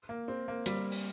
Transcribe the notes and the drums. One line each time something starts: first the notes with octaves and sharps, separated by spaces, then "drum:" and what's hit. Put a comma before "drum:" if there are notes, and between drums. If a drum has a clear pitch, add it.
A#3
C4
A#3
G3, drum: hi-hat
drum: open hi-hat